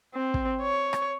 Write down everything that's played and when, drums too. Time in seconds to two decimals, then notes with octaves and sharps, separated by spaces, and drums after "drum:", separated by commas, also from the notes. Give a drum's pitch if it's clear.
0.15 C4
0.34 drum: kick
0.62 C#5
0.93 drum: rim click